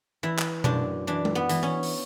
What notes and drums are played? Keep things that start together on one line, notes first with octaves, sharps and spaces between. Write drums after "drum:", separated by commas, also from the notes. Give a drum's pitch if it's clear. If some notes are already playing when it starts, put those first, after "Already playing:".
E3 E4
drum: clap
F#2 D4, drum: tom B2
E3 D4
drum: tom G#3
B3
E3, drum: hi-hat
C#4
drum: open hi-hat